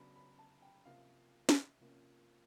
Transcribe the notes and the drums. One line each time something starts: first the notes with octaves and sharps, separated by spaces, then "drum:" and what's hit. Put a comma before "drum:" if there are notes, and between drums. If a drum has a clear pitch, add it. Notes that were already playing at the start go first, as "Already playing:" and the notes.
Already playing: C#3 F#3 B3 D4 A#5 B5
B5
A5
G5
C3 F3 A#3 C#4 F5
drum: snare
C3 F3 A#3 C#4